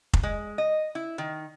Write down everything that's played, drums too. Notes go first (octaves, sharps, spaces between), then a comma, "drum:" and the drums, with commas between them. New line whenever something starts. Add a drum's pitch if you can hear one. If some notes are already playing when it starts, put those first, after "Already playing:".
drum: kick F1
G#3
D#5
E4
D#3